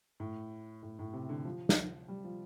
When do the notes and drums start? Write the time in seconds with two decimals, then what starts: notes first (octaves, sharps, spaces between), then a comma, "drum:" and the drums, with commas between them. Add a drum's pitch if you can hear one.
0.20 A2
0.83 A2
0.99 A2
1.13 C3
1.29 D3
1.45 F3
1.69 drum: snare
2.08 G3
2.24 F3